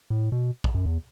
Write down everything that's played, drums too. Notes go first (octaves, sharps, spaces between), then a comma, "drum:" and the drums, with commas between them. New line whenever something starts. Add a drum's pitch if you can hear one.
A2
B2
drum: kick A#1
F#2
E2